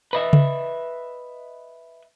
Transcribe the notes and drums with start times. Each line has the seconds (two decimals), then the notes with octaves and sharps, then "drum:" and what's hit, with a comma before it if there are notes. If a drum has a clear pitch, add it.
0.13 B4 D#5 E5
0.33 drum: tom C#3